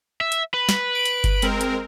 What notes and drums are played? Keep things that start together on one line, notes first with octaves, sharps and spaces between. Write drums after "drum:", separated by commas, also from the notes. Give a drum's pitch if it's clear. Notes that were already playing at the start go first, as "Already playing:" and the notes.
E5
drum: hi-hat
B4
drum: snare
D7
drum: hi-hat
drum: kick G1, hi-hat
G#3 C4 A#4, drum: hi-hat
drum: hi-hat